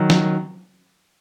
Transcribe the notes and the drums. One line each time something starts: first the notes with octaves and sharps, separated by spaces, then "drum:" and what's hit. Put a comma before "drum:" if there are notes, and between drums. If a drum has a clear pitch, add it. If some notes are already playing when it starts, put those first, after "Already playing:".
Already playing: D#3 F#3
drum: snare